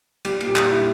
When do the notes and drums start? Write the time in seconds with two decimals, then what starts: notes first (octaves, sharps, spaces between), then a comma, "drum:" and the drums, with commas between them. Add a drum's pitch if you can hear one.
0.25 G3 G4, drum: cymbal
0.41 A#2, drum: cymbal
0.48 G4
0.56 G3, drum: clap
0.71 A#2 E4